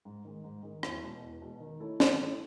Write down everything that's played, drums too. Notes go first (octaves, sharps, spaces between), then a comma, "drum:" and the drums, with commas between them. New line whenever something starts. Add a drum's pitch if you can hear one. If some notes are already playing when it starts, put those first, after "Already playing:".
G#2
D#3 G#3
G#2
D#3 G#3
E2, drum: rim click
B2 G#3
E2
B2 G#3
D#3
A3 E4 A4 C#5
D#3, drum: snare
A3 E4 A4 C#5